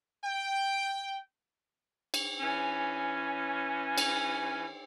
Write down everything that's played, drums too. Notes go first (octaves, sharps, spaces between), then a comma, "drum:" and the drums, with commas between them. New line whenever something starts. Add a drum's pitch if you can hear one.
G5
drum: cymbal
E3 C#4
drum: cymbal